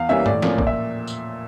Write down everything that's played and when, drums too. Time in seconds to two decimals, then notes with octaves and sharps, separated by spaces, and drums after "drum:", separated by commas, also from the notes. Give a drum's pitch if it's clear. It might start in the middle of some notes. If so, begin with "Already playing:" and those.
Already playing: E2 F5
0.09 E3 G3 A#3 C#4 E5
0.26 A2 D5, drum: tom G2
0.42 F3 A#3 C#4, drum: snare
0.58 A#2 D5, drum: kick
0.67 E5
1.07 drum: tambourine